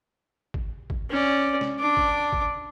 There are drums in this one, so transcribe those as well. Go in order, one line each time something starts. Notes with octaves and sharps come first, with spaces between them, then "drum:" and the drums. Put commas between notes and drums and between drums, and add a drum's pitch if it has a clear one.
drum: kick
drum: kick
C#4 D5
drum: snare
D4 D6
drum: kick
drum: kick